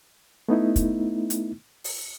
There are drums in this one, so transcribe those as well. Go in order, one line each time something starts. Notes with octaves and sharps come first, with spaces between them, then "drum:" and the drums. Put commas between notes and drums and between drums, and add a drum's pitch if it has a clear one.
A3 B3 D#4 E4
drum: kick, hi-hat
drum: hi-hat
drum: open hi-hat